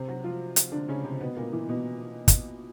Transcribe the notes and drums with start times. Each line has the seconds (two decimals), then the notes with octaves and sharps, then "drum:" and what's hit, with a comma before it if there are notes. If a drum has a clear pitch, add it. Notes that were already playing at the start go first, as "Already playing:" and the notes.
Already playing: C3 C4
0.08 F#3 F#4
0.24 F3 F4
0.56 drum: hi-hat
0.72 D3 D4
0.89 C#3 C#4
1.04 C3 C4
1.21 B2 B3
1.37 A#2 A#3
1.53 E3 E4
1.69 B2 B3
2.28 drum: kick, hi-hat